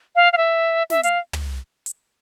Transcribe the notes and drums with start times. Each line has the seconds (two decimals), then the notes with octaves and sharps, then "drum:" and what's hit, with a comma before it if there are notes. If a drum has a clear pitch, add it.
0.16 F5
0.33 F5
0.37 E5
0.90 E5, drum: snare
1.03 F5, drum: hi-hat
1.33 drum: tom
1.86 drum: hi-hat